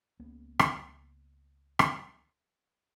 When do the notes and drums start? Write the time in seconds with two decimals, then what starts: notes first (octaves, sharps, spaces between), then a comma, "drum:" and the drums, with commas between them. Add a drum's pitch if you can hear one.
0.20 C#2 A#3 B3 C#4
0.59 drum: rim click
1.79 drum: rim click